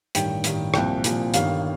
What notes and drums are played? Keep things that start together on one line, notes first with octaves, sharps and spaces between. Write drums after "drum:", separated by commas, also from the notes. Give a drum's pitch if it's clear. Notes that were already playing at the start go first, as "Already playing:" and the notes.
A1 G2 D#3 G3 G5, drum: hi-hat
A1 G2 D#3 G3, drum: hi-hat
C2 A#2 F3 G5, drum: rim click
C2 A#2 F3, drum: hi-hat
G1 G2 D#3 G3 F5, drum: hi-hat